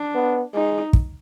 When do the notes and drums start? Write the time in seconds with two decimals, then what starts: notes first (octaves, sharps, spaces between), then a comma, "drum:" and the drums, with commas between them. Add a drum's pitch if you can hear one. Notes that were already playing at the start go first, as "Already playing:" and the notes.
Already playing: D4
0.15 B3
0.54 G#3 D#4
0.93 drum: kick